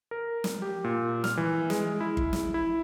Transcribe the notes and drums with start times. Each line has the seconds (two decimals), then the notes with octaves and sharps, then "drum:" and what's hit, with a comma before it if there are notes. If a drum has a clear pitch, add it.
0.11 A#4
0.44 drum: snare
0.62 G4
0.84 A#2
1.24 F6, drum: snare
1.37 E3
1.70 G#3, drum: snare
2.00 E4
2.17 drum: kick G1
2.33 drum: snare
2.54 E4